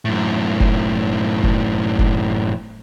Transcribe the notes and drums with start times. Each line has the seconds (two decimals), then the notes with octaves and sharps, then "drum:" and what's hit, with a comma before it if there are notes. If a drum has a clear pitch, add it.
0.05 F#2 A2
0.60 drum: kick F1
1.43 drum: kick F1
1.99 drum: kick F1